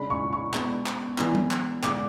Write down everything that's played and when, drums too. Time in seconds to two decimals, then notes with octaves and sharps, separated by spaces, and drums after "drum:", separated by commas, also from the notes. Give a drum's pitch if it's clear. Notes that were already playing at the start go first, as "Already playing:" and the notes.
Already playing: C#3 G#3 D4 B5
0.10 C#6
0.33 C#6
0.54 B2 G#3 B3 D4, drum: clap
0.86 drum: clap
1.18 E3 G#3 B3 D4, drum: clap
1.35 drum: tom F#3
1.51 drum: clap
1.83 D3 G#3 D4 D6, drum: clap